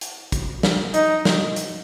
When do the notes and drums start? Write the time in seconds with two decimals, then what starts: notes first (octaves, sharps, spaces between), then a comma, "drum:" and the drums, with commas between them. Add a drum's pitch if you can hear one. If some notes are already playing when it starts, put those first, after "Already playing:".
0.01 drum: hi-hat
0.32 drum: kick, hi-hat
0.63 drum: snare
0.94 D#4, drum: hi-hat
1.25 drum: snare
1.56 drum: hi-hat